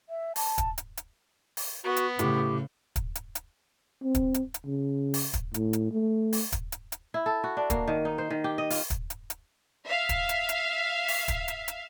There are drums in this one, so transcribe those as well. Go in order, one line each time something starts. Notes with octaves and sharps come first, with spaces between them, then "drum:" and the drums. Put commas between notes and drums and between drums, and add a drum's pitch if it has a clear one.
E5
A5, drum: open hi-hat
drum: kick, hi-hat
drum: hi-hat
drum: hi-hat
drum: open hi-hat
B3 F#4
drum: hi-hat
A2 C#3 G4, drum: hi-hat
drum: kick, hi-hat
drum: hi-hat
drum: hi-hat
C4
drum: kick, hi-hat
drum: hi-hat
drum: hi-hat
C#3
drum: open hi-hat
drum: kick, hi-hat
A2, drum: hi-hat
drum: hi-hat
A3
drum: open hi-hat
drum: kick, hi-hat
drum: hi-hat
drum: hi-hat
E4
A4
F#4
D4
A#3, drum: kick, hi-hat
D#3
D#4
C5
D#3
G4
D#5
F4, drum: open hi-hat
drum: kick, hi-hat
drum: hi-hat
drum: hi-hat
E5 F5
drum: kick, hi-hat
drum: hi-hat
drum: hi-hat
drum: open hi-hat
drum: kick, hi-hat
drum: hi-hat
drum: hi-hat